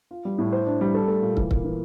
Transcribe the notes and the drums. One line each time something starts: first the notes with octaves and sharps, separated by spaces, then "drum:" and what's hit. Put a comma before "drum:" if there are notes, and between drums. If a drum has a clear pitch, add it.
F4
G3
A2
C5
D4
G3
A4
A3
A#2
E3, drum: kick
A#3, drum: kick
E3